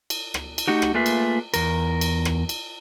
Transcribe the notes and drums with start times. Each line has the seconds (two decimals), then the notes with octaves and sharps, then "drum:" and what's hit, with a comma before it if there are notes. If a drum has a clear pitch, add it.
0.10 drum: cymbal
0.34 drum: rim click
0.58 drum: cymbal
0.67 A3 D#4 F#4 G4
0.82 drum: rim click
0.94 A3 A#3 F4 G#4 B4 E5
1.06 drum: cymbal
1.54 E2 A#4, drum: cymbal
2.01 drum: cymbal
2.25 drum: rim click
2.49 drum: cymbal